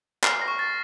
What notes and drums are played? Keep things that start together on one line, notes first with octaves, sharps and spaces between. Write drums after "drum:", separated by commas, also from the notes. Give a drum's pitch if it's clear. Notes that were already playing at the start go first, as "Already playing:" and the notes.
F6 C7, drum: clap
A#6
C#6
A6